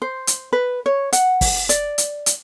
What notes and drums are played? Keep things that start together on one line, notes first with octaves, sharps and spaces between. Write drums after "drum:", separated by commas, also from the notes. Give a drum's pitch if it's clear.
C5
drum: hi-hat
B4
C#5
F#5, drum: hi-hat
drum: kick, open hi-hat
D5, drum: hi-hat
drum: hi-hat
drum: hi-hat